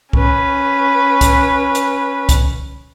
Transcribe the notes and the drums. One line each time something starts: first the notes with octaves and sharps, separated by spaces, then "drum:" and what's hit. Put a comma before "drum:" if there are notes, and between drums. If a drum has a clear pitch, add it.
C#4 B4, drum: kick C2
drum: kick C2, hi-hat
drum: hi-hat
drum: kick C2, hi-hat